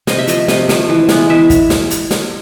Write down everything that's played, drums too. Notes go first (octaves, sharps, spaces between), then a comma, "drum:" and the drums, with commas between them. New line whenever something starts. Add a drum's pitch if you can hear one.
C3 D#5, drum: snare
E5
F3 A3 D#5, drum: hi-hat
C3 D#5, drum: snare
F3 A3, drum: snare
E3
G#3 B3, drum: snare
E3 E5
drum: kick, hi-hat
drum: snare
drum: hi-hat
drum: snare